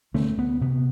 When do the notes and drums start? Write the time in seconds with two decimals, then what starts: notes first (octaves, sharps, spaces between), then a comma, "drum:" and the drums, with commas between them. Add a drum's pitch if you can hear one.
0.14 D2 A3, drum: tom D3
0.38 D2 B3
0.61 C3 B3